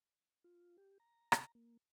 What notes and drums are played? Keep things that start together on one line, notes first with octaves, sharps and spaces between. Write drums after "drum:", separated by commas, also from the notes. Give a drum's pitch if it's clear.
F4
G4
A#5
drum: rim click
A#3